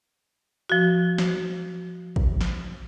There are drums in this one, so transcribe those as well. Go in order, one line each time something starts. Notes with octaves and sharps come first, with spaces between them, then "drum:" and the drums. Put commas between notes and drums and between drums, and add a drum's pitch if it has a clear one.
F3 F#4
drum: snare
drum: kick
drum: snare